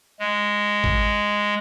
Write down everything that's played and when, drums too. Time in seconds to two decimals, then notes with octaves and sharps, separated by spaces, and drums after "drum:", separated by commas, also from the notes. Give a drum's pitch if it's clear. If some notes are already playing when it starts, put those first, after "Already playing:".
0.20 G#3
0.84 drum: kick G#1